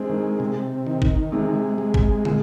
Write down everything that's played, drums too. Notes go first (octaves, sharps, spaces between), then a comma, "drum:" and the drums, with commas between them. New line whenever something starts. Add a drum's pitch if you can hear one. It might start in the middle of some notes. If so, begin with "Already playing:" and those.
Already playing: G#3 C4 D4
D#3
C3
D#3
drum: kick
C3 G#3
G#3
drum: kick
A#2, drum: tom